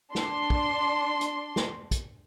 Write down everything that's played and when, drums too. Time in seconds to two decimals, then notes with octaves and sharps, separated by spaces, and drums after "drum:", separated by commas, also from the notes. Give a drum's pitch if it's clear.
0.15 D4 C6, drum: snare
0.50 drum: kick
1.21 drum: hi-hat
1.56 drum: snare
1.91 drum: kick, hi-hat